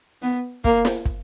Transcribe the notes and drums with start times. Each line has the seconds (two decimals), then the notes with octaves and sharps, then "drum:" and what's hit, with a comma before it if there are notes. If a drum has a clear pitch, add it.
0.22 B3
0.64 A#3, drum: kick
0.85 drum: snare
1.05 drum: kick